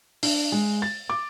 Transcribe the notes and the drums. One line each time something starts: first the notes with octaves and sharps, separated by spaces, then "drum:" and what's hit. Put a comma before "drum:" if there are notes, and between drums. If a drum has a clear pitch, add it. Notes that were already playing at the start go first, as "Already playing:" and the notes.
D4, drum: open hi-hat
G#3
A6
D6